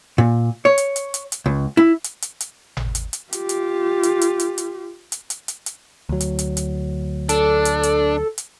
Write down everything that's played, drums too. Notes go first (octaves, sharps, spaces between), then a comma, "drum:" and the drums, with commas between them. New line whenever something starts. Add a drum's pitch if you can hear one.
A#2
C#5
drum: hi-hat
drum: hi-hat
drum: hi-hat
drum: hi-hat
C#2
E4
drum: hi-hat
drum: hi-hat
drum: hi-hat
drum: tom G#1
drum: hi-hat
drum: hi-hat
F4 G4, drum: hi-hat
drum: hi-hat
drum: hi-hat
drum: hi-hat
drum: hi-hat
drum: hi-hat
drum: hi-hat
drum: hi-hat
drum: hi-hat
drum: hi-hat
D2 F#3
drum: hi-hat
drum: hi-hat
drum: hi-hat
D4 A4, drum: hi-hat
drum: hi-hat
drum: hi-hat
drum: hi-hat